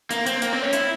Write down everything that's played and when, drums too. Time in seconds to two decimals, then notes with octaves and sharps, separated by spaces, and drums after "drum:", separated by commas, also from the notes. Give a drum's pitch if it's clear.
0.11 A#3, drum: hi-hat
0.26 C4, drum: hi-hat
0.42 A#3, drum: hi-hat
0.53 C4
0.62 C#4
0.73 E4, drum: hi-hat